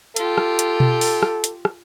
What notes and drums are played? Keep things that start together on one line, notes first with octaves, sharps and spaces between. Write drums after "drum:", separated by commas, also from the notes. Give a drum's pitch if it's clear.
F4 G4 A4, drum: hi-hat
drum: rim click
drum: hi-hat
drum: tom B2
drum: open hi-hat
drum: rim click
drum: hi-hat
drum: rim click